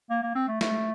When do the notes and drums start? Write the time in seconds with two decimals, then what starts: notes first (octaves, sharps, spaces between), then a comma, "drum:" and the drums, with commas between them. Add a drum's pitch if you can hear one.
0.10 A#3
0.23 A#3
0.35 C4
0.48 A3
0.61 A3, drum: snare